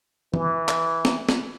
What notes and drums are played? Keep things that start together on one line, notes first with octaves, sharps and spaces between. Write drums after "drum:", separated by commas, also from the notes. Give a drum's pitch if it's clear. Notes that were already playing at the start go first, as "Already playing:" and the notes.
E3, drum: tom E3
drum: clap
drum: snare
drum: snare